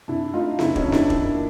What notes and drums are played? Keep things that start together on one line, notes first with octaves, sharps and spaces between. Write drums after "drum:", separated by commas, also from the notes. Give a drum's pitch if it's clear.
C3 D4 E4
A3 D#4 F4
C#3 D4 E4, drum: snare B3
C#4 D#4, drum: kick
F2
D4 E4, drum: snare B3
D#3, drum: kick
A#3